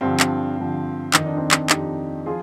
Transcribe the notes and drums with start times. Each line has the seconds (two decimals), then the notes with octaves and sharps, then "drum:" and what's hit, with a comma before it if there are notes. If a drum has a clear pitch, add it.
0.01 G2 D3 F3 C4
0.20 drum: clap
0.57 G2 D3 F3
1.14 F2 D#3 D#4, drum: clap
1.26 D4
1.37 C4 D#4
1.51 drum: clap
1.70 F2 D#3 D#4 G4, drum: clap
2.26 F3 F4 G#4